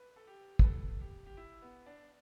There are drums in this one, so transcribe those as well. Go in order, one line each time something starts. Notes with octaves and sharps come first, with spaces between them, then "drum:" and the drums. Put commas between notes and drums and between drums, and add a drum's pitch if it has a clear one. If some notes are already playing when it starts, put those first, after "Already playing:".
Already playing: B4
A4
G4
B4, drum: kick
A4
G4
G4
E4
B3
D4